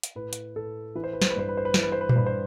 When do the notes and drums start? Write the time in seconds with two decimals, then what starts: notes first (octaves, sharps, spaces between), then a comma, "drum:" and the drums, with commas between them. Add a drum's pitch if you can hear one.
0.03 drum: hi-hat
0.15 A2 B4
0.33 drum: hi-hat
0.56 A2 A4
0.95 E3 B4
1.04 C5
1.13 B4
1.22 C5, drum: snare
1.30 B4
1.36 G2 C5
1.49 B4
1.57 C5
1.65 B4
1.74 E3 C5, drum: snare
1.83 B4
1.92 C5
2.01 B4
2.09 C5, drum: tom A#2
2.16 G2 B4
2.26 C5